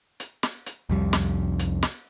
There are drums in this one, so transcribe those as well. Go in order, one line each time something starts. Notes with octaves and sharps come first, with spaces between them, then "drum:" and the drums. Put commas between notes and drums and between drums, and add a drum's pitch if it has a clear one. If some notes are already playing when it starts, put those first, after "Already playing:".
drum: hi-hat
drum: snare
drum: hi-hat
C2 F2 G3
drum: snare
drum: hi-hat
drum: snare